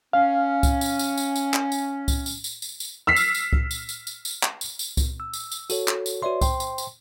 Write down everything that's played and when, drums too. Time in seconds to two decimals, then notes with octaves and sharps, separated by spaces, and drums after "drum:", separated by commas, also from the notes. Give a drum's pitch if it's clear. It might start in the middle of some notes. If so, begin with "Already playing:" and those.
0.13 C#4 F5
0.63 drum: kick C2, tambourine
0.81 drum: tambourine
0.99 drum: tambourine
1.17 drum: tambourine
1.36 drum: tambourine
1.54 drum: clap
1.72 drum: tambourine
2.08 drum: kick C2, tambourine
2.26 drum: tambourine
2.44 drum: tambourine
2.62 drum: tambourine
2.80 drum: tambourine
3.07 E6 F6 B6 C7
3.16 drum: tambourine
3.35 drum: tambourine
3.53 drum: kick C2
3.71 drum: tambourine
3.89 drum: tambourine
4.07 drum: tambourine
4.25 drum: tambourine
4.43 drum: clap
4.61 drum: tambourine
4.79 drum: tambourine
4.97 drum: kick C2, tambourine
5.20 E6
5.33 drum: tambourine
5.52 drum: tambourine
5.70 F#4 A4 C#5, drum: tambourine
5.88 drum: clap
6.06 drum: tambourine
6.22 F#4 B4 C#5 D5 E5 C6
6.41 C5 G5 C6, drum: kick C2, tambourine
6.60 drum: tambourine
6.78 drum: tambourine